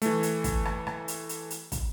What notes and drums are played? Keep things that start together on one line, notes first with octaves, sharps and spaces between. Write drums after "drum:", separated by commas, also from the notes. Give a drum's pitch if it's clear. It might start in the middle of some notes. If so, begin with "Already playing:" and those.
E3 A3, drum: hi-hat
drum: hi-hat
drum: kick, hi-hat
drum: rim click
drum: rim click
drum: hi-hat
drum: hi-hat
drum: hi-hat
drum: kick, hi-hat